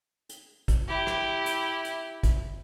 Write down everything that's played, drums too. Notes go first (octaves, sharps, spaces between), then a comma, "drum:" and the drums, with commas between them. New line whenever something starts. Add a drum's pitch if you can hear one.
drum: hi-hat
drum: kick, hi-hat
E4 G4
drum: rim click
drum: hi-hat
drum: hi-hat
drum: kick, hi-hat